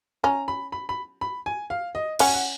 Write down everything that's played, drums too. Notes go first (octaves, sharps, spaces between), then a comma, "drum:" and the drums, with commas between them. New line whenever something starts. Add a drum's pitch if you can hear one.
C#4 A#5
B5
B5
B5
B5
G#5
F5
D#5
C#4 F#5, drum: cymbal
G#5
F#5